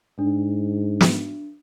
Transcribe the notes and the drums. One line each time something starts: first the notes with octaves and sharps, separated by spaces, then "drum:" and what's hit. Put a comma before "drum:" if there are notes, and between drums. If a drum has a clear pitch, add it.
G#2 D4
drum: snare